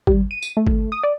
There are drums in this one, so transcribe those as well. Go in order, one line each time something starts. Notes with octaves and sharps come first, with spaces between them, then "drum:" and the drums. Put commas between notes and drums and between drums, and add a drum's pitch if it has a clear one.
G3, drum: kick G#1
D#7
drum: tambourine
A3
drum: kick G#1
D#6
D5